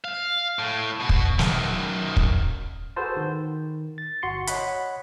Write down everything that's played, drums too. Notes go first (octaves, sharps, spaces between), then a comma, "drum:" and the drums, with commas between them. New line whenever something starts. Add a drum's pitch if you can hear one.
F5
A2
B2 F#4
drum: kick
F#2 D#3, drum: snare
drum: kick
F#4 G#4 A4 B4 C5 A5
D#3
A6
G1 F#4 C6 C#7
C#5 D#5 F#5 B5, drum: hi-hat